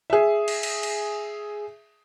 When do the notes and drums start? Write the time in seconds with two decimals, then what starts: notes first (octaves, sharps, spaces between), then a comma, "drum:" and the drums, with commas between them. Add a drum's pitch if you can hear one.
0.10 G#4 E5
0.48 drum: cymbal
0.63 drum: cymbal
0.83 drum: cymbal